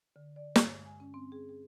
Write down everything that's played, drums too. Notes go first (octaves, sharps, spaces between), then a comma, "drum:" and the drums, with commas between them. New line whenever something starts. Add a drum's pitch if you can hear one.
D3
D5
G2, drum: snare
G#3
G#5
C#4
C4
G#4
G#4